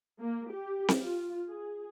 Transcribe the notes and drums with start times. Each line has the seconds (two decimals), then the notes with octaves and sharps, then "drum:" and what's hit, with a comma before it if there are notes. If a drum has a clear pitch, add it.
0.20 A#3
0.52 G4
0.88 drum: snare C4
0.99 F4
1.48 G#4